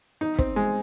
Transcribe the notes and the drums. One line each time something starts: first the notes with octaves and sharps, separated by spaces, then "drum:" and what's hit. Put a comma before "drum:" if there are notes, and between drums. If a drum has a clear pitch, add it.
D#4
C4, drum: kick
G#3